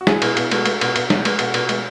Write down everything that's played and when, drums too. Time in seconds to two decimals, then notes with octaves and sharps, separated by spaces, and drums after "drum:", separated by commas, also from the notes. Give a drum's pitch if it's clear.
0.01 F#4
0.07 G#3 E4 G#4, drum: snare
0.22 B2, drum: cymbal
0.37 B2, drum: cymbal
0.51 G#3 F#4 A4, drum: cymbal
0.66 G#3, drum: cymbal
0.81 B2, drum: cymbal
0.96 B2, drum: cymbal
1.10 G#3, drum: snare
1.25 G#3, drum: cymbal
1.39 B2 F#4 A4, drum: cymbal
1.54 B2, drum: cymbal
1.69 G#3, drum: cymbal